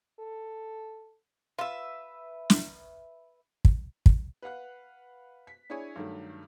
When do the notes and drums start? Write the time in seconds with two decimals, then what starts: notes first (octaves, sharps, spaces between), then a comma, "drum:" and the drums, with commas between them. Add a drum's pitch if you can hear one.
0.20 A4
1.58 F4 B4 E5
2.50 drum: snare
3.65 drum: kick
4.06 drum: kick
4.42 B4 F5 F#5 F#6
5.47 B6
5.70 D4 E4 G#4 C#5 G#5
5.96 G2 D#3 F#3 A3